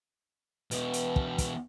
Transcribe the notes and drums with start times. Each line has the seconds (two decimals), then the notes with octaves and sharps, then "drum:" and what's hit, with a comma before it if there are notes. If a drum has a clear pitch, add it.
0.71 E2 B2 B4 D#5 G5, drum: hi-hat
0.93 drum: hi-hat
1.16 drum: kick
1.38 drum: kick, hi-hat